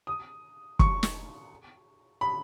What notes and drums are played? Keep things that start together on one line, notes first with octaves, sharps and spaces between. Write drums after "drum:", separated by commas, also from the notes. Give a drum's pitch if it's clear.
D#6
C#6, drum: kick
drum: snare
B5